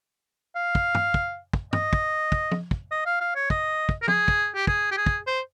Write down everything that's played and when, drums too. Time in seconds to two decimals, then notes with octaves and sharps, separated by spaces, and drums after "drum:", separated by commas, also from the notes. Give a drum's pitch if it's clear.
0.55 F5
0.75 drum: kick
0.95 drum: tom
1.14 drum: kick
1.53 drum: kick
1.73 D#5, drum: tom
1.93 drum: kick
2.32 drum: kick
2.52 drum: tom
2.71 drum: kick
2.91 D#5
3.06 F5
3.21 F5
3.35 C#5
3.50 D#5, drum: kick
3.89 drum: kick
4.02 A#4
4.08 G#4, drum: tom
4.28 drum: kick
4.55 G4
4.67 G#4, drum: kick
4.91 G4
4.97 G#4
5.06 drum: kick
5.26 C5